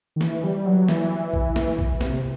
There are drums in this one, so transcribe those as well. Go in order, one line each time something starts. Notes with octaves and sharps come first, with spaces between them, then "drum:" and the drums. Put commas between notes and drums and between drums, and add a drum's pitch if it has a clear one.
D#3
E3, drum: snare
G3
F#3
E3, drum: snare
drum: kick A#1
drum: snare
drum: kick A#1
C3, drum: snare